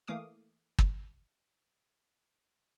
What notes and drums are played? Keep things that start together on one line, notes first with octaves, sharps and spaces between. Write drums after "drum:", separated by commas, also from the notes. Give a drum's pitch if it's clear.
E3 A3 A#3 F5 D6 D#6
drum: kick